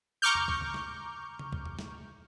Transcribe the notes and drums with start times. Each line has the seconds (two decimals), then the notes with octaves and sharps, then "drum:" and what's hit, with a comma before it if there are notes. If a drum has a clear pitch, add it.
0.22 A#5 C#6 D6 F6 G6
0.35 drum: tom E2
0.48 drum: kick
0.61 drum: tom C#3
0.74 drum: snare
1.39 drum: tom C#3
1.52 drum: kick
1.66 drum: tom E2
1.79 drum: snare